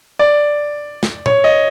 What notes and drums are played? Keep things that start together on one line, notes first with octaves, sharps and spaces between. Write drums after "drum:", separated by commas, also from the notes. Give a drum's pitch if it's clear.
D5
drum: snare
C#5, drum: tom A#2
D#5